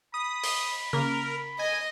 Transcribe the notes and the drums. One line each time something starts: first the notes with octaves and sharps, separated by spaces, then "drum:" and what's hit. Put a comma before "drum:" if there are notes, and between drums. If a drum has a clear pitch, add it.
B5 D#6
drum: open hi-hat
C#3 A#3 A#4
D#5 G#5